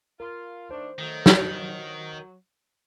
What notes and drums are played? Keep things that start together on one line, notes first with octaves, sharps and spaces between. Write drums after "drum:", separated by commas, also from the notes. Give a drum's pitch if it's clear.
F4 A#4
D#3 A3 D4 C5
D#3 F#3 A3
drum: snare
F#3